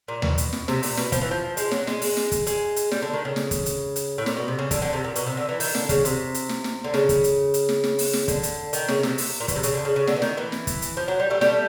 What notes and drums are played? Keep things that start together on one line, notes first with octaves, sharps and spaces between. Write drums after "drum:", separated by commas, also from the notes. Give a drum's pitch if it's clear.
A#2
B2, drum: tom D#2
drum: hi-hat
drum: snare
C3, drum: snare
A#2, drum: open hi-hat
B2, drum: snare
F3, drum: kick, hi-hat
E3
F3
G#3, drum: hi-hat
F#3, drum: snare
G#3, drum: snare
G#3, drum: open hi-hat
drum: snare
drum: kick, hi-hat
G#3, drum: hi-hat
drum: hi-hat
G3, drum: snare
D3
D#3
C#3
drum: snare
drum: kick, hi-hat
drum: hi-hat
drum: hi-hat
A2
A#2, drum: snare
B2
C3
C#3
D3, drum: kick, hi-hat
D3
C3
A#2
B2, drum: hi-hat
C3
D3
E3
D#3, drum: open hi-hat
D3, drum: snare
C#3, drum: kick, hi-hat
C3, drum: hi-hat
drum: hi-hat
drum: snare
drum: snare
D3
C#3, drum: snare
drum: kick, hi-hat
drum: hi-hat
drum: hi-hat
drum: snare
drum: snare
drum: open hi-hat
drum: snare
D3, drum: kick, hi-hat
drum: hi-hat
D#3, drum: hi-hat
C#3, drum: snare
C3, drum: snare
drum: open hi-hat
A#2
B2, drum: kick, hi-hat
C3
C#3, drum: hi-hat
D3
C#3
C#3
D3, drum: snare
E3
D#3, drum: snare
E3
drum: snare
drum: kick, hi-hat
drum: hi-hat
F3
F#3
G3
G3 A3
G3 A3, drum: snare